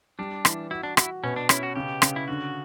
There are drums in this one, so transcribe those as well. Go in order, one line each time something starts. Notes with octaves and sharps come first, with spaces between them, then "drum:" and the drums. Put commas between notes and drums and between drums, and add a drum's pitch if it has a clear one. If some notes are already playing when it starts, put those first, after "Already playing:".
G3 D4
E3, drum: rim click
E4 F#4
D4
E4 F#4, drum: rim click
B2 C#4
D4
C#4 E4, drum: rim click
F#4
C#3 G4
C#3, drum: rim click
E4
D3 F#4